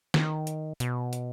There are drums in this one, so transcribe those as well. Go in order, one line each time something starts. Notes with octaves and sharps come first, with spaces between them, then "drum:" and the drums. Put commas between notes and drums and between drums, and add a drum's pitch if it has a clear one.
D#3, drum: snare
drum: hi-hat
B2, drum: hi-hat
drum: hi-hat